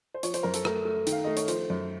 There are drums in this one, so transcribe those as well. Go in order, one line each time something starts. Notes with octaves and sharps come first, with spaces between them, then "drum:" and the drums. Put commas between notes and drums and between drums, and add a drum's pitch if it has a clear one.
C5
F3 C#5, drum: hi-hat
C5, drum: hi-hat
F#2 A#4
A4, drum: hi-hat
A3 A#4, drum: rim click
A3
D#3, drum: hi-hat
F5
A3 D#5
C#5, drum: hi-hat
F3 C5, drum: hi-hat
F#2